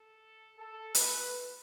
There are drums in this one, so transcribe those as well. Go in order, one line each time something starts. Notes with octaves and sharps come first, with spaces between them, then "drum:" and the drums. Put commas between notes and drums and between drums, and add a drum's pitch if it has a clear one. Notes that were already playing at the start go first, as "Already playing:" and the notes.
Already playing: A4
A4
B4, drum: hi-hat